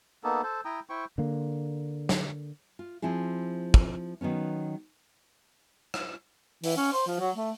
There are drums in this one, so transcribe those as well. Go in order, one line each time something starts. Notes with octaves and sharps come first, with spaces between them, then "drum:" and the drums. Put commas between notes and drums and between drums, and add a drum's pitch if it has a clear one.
A#3 B3 D#4 A4
A4 C5
E4 G5 A#5 D#6
E4 C5 G5 C#6
D3 A#3
drum: snare
F4
F3 C4 E4 G#4
drum: kick
D#3 F#3 B3 C#4
drum: rim click
E3, drum: open hi-hat
C#4
C5
F3
F#3
A3